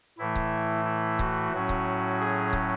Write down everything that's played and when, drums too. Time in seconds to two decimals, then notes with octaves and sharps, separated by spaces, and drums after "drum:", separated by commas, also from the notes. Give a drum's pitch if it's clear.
0.19 A2 E3 A3 E4
0.35 drum: kick C#1
0.85 E4
1.19 F#4, drum: kick C#1
1.52 A2 F#3 C#4
1.69 drum: kick C#1
2.19 G#4
2.53 drum: kick C#1